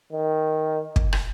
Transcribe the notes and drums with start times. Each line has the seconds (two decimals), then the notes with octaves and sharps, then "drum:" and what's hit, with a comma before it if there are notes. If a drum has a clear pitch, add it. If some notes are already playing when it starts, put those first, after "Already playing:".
0.12 D#3
0.96 drum: kick
1.13 drum: rim click